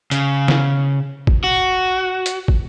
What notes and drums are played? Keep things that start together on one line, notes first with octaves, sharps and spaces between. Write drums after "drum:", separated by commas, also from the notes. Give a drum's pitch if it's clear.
C#3, drum: hi-hat
drum: snare
drum: kick
F#4
drum: hi-hat
drum: kick